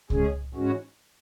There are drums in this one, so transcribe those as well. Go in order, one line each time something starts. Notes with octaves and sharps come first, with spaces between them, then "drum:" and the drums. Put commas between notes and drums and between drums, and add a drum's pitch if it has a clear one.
C#3 G#3 C#4 G#4, drum: kick C#2
G#2 E3 G#3 C#4 F#4